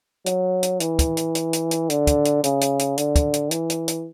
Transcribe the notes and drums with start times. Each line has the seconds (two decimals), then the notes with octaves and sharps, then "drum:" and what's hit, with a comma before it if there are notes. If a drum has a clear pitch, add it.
0.26 F#3, drum: hi-hat
0.63 drum: hi-hat
0.80 E3, drum: hi-hat
0.99 drum: kick, hi-hat
1.17 drum: hi-hat
1.35 drum: hi-hat
1.53 drum: hi-hat
1.71 drum: hi-hat
1.90 D3, drum: hi-hat
2.07 drum: kick, hi-hat
2.25 drum: hi-hat
2.44 C#3, drum: hi-hat
2.61 drum: hi-hat
2.79 drum: hi-hat
2.98 D3, drum: hi-hat
3.16 drum: kick, hi-hat
3.34 drum: hi-hat
3.51 E3, drum: hi-hat
3.70 drum: hi-hat
3.88 drum: hi-hat